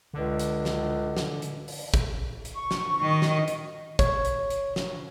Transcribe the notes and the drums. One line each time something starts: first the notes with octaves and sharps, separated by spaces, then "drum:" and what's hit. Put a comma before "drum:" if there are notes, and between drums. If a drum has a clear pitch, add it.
C#2 D3
drum: hi-hat
drum: snare
drum: snare
drum: hi-hat
drum: open hi-hat
drum: kick, hi-hat
drum: hi-hat
C#6
drum: snare
D#3 D#5
drum: snare
drum: hi-hat
C#5, drum: kick, hi-hat
drum: hi-hat
drum: hi-hat
drum: snare